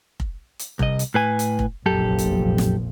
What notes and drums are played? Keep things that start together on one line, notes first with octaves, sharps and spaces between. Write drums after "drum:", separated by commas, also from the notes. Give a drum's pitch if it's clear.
drum: kick F1
drum: hi-hat
C2 D#5, drum: kick F1
drum: hi-hat
A2 B4 G#5
drum: hi-hat
drum: kick F1
F1 A#1 F#2 G4 A4
drum: hi-hat
drum: snare